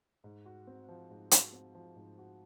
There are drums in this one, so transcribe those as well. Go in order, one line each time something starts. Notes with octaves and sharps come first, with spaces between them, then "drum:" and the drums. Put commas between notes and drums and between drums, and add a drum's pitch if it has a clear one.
G#2
F#4
C4
F3
G#2
F#4, drum: hi-hat
C4
F3
G#2
F#4